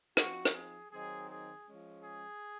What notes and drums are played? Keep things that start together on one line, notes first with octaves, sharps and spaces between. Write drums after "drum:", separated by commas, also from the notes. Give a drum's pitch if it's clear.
F3 C4 D#4 F#4, drum: snare
drum: snare
G#4
D#3 F#3 C4 D#4 G#4
G#4
F3 G#3 C#4
G#4